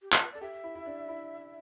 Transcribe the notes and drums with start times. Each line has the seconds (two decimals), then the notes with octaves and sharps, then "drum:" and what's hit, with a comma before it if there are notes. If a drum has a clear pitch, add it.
0.02 G4
0.12 A4, drum: clap
0.22 B4
0.32 A4 D5
0.41 G4 E5
0.64 E4
0.75 E4
0.86 D4
1.08 E4